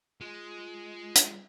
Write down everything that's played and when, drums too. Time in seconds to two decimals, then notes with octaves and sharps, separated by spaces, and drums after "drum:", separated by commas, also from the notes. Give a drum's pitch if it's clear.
0.21 G#3 F4
1.15 drum: hi-hat